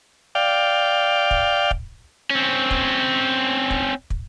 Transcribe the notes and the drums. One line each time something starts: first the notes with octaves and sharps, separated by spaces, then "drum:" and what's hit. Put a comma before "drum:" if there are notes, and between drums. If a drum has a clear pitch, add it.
D5 F5 G5
drum: kick
drum: kick
C4 C#4
drum: kick
drum: kick
drum: kick